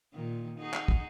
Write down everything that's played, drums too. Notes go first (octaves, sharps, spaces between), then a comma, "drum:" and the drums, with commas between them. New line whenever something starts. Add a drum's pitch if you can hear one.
A#2 D#3
D#4 F#4 G#4
drum: clap
drum: kick